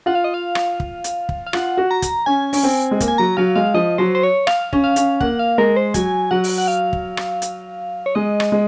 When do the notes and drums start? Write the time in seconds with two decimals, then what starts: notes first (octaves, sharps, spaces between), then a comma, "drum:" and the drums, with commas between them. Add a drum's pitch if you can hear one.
0.06 F4 F#5
0.15 F5
0.24 D#5
0.34 F5
0.55 drum: rim click
0.80 drum: kick
1.04 drum: hi-hat
1.29 drum: kick
1.47 F5
1.53 F4 F#5, drum: rim click
1.77 F#4
1.91 A#5
2.02 drum: kick, hi-hat
2.26 C#4 G#5
2.53 C#4, drum: open hi-hat
2.63 C4
2.91 G#3
3.00 A#3, drum: kick, hi-hat
3.08 G#5
3.18 F#3 A#5
3.37 F#3 F5
3.56 G#3 F5
3.74 F3 D#5
3.98 F#3 C5
4.15 C5
4.23 C#5
4.47 F5, drum: rim click
4.73 C#4, drum: kick
4.84 F5
4.96 C#4, drum: hi-hat
5.21 A#3 F#5, drum: kick
5.39 F5
5.58 G#3 A#4
5.76 C5
5.94 F#3 G#5, drum: kick, hi-hat
6.31 F#3 F#5
6.44 drum: open hi-hat
6.58 F#5
6.68 F5
6.93 drum: kick
7.17 drum: rim click
7.42 drum: hi-hat
8.06 C#5
8.15 G#3 D#5
8.40 drum: rim click
8.52 G#3